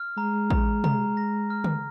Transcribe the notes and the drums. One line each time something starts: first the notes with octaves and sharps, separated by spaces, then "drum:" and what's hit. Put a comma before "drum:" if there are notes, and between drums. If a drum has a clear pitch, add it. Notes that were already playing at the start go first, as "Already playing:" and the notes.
Already playing: F6
G#3 A#5
A#5, drum: kick A1
A#5, drum: tom
A#6
F6
drum: tom